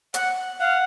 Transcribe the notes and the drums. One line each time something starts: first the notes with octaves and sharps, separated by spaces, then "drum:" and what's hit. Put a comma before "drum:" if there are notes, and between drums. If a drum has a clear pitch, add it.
F#5, drum: hi-hat
F5 F#5